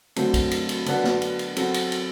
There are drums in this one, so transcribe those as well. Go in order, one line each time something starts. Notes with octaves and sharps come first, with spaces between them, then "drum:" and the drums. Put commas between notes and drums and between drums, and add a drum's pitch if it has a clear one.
D3 F#3 A3 C4, drum: cymbal
drum: kick, cymbal
drum: cymbal
drum: cymbal
D3 F#3 B3 D4 F#4, drum: cymbal
drum: snare
drum: cymbal
drum: cymbal
F#3 C4 F#4 A4, drum: cymbal
drum: cymbal
drum: cymbal